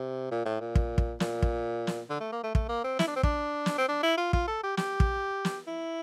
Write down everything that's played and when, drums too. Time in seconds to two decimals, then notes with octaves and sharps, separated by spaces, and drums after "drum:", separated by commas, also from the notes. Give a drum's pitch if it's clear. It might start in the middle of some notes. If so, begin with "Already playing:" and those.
Already playing: C3
0.31 A#2
0.46 A2
0.60 A#2
0.75 drum: kick
0.98 drum: kick
1.20 A#2, drum: snare
1.42 drum: kick
1.87 drum: snare
2.10 D3
2.20 A3
2.32 A#3
2.44 A3
2.55 A3, drum: kick
2.69 A#3
2.84 C4
2.99 E4, drum: snare
3.08 D4
3.16 C4
3.23 D4, drum: kick
3.66 drum: snare
3.78 C4
3.89 D4
4.03 E4
4.17 F4
4.33 F4, drum: kick
4.48 A4
4.63 G4
4.77 G4, drum: snare
5.00 drum: kick
5.45 drum: snare
5.67 E4